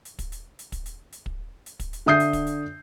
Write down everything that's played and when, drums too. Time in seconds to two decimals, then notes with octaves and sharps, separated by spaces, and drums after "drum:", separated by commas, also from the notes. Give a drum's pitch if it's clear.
0.05 drum: hi-hat
0.19 drum: kick, hi-hat
0.32 drum: hi-hat
0.59 drum: hi-hat
0.72 drum: kick, hi-hat
0.86 drum: hi-hat
1.12 drum: hi-hat
1.26 drum: kick
1.66 drum: hi-hat
1.80 drum: kick, hi-hat
1.93 drum: hi-hat
2.06 D3 E5 D#6 G6 C7
2.20 drum: hi-hat
2.33 drum: kick, hi-hat
2.47 drum: hi-hat